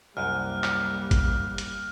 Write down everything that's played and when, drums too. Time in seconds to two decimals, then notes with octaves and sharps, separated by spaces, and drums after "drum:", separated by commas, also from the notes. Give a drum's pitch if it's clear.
0.17 C2 F#2 G3 A#3 F6 F#6
0.64 drum: clap
1.11 drum: kick G1, hi-hat
1.58 drum: hi-hat